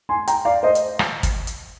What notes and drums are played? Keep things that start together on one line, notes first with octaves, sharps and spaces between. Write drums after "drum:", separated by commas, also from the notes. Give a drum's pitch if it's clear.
G#5 C6
G5 A#5, drum: hi-hat
D5 F5
C5 D#5
drum: hi-hat
drum: rim click
drum: kick, hi-hat
drum: hi-hat